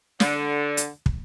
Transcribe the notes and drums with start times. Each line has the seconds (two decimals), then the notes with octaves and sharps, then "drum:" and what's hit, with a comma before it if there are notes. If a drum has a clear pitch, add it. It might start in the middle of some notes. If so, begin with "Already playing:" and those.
0.20 D3, drum: snare
0.77 drum: hi-hat
1.06 drum: kick